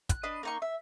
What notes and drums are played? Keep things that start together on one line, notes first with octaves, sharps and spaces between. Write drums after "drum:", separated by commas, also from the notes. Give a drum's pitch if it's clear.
F#6, drum: kick, hi-hat
D4 B4 D#5
A#3 D#4 C#6
E5